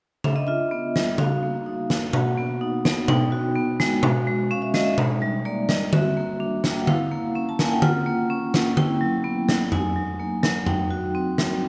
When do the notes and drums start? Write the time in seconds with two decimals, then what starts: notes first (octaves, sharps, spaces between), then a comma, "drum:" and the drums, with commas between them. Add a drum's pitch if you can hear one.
0.24 D4 E5, drum: tom C#3
0.36 D#5
0.47 F4 E5
0.71 B3
0.96 G3, drum: snare
1.18 F#4 F5, drum: tom C#3
1.43 A#3
1.66 D#4
1.90 A#3, drum: snare
2.13 F#4 F#5, drum: tom B2
2.37 B3
2.61 D#4
2.85 B3, drum: snare
3.08 D#4 G5, drum: tom B2
3.32 F#4
3.55 B3
3.80 G#3, drum: snare
4.03 F#4, drum: tom B2
4.27 G#3
4.51 C#4 F5
4.62 E5
4.74 G#3 D#5, drum: snare
4.85 E5
4.98 D#4, drum: tom B2
5.22 G3
5.45 A#3 D5
5.69 G3 D#5, drum: snare
5.93 F#4 E5, drum: tom D3
6.17 A#3
6.40 D4
6.64 A#3, drum: snare
6.69 G5
6.79 F#5
6.87 E4 F5, drum: tom D3
7.11 A#3
7.35 C#4
7.49 A5
7.59 A#3 G#5, drum: snare
7.71 G5
7.82 F4 F#5, drum: tom D3
8.06 A#3
8.30 C#4
8.54 A#3, drum: snare
8.77 E4 G5, drum: tom D3
9.01 F#3
9.24 B3
9.49 F#3, drum: snare
9.72 D#4 G#5, drum: tom F2
9.96 F#3
10.19 A#3
10.43 F#3, drum: snare
10.67 D#4 G5, drum: tom F2
10.91 F#4
11.15 C4
11.38 G3, drum: snare